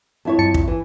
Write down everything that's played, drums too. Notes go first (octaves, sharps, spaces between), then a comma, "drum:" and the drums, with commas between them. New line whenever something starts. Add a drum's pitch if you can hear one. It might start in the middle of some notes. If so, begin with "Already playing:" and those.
F2 E4 C#5
G2 A5 C#7
drum: kick
E3